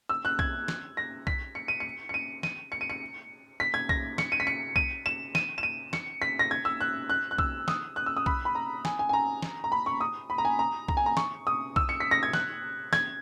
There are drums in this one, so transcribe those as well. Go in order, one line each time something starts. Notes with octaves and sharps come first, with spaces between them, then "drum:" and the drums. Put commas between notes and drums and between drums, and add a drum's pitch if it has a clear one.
E6
F#6
G#6, drum: kick B1
drum: snare
A#6
B6, drum: kick B1
C#7
D#7
C#7
C#7
D#7
D#7, drum: snare
C#7
D#7
C#7
B6
G#6
A#6, drum: kick B1
C#7, drum: snare
D#7
B6
C#7
D#7, drum: kick B1
E7
D#7, drum: snare
E7
D#7
C#7, drum: snare
B6
A#6
G#6
E6
F#6
F#6
F#6
E6, drum: kick B1
D#6, drum: snare
F#6
E6
D#6
B5, drum: kick B1
B5
A#5
G#5, drum: snare
G#5
G#5
A#5
drum: snare
A#5
B5
C#6
D#6
B5
A#5
G#5
A#5
A#5, drum: kick B1
G#5
A#5
C#6, drum: snare
D#6
E6, drum: kick B1
C#7
B6
A#6
G#6
F#6, drum: snare
G#6, drum: snare